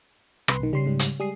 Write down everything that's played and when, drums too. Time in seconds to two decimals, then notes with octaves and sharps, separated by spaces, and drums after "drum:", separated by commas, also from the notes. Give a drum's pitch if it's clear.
0.48 C2 B4 C6, drum: rim click
0.60 B1 D#3
0.73 C#3 G3 C6 C7
0.86 G#2 G3
0.99 drum: hi-hat
1.20 G3 G#3 D#6 C7